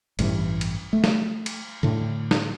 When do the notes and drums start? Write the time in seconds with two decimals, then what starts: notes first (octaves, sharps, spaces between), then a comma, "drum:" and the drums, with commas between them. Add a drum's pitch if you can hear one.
0.19 A1 G2 E3, drum: cymbal
0.61 drum: cymbal
0.93 A3
1.04 drum: snare
1.46 drum: cymbal
1.83 A2 D3
2.31 drum: snare